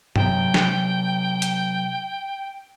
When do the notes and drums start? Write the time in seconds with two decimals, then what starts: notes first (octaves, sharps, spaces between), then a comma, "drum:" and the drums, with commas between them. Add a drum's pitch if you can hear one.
0.16 C3 F#3 G5, drum: tom G2
0.54 drum: snare
1.42 drum: hi-hat